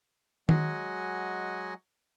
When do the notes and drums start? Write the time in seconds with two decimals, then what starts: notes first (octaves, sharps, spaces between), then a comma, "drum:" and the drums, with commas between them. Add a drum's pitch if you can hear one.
0.49 F#3 G#3 F#4 D#5 F#5 G#5, drum: tom D#3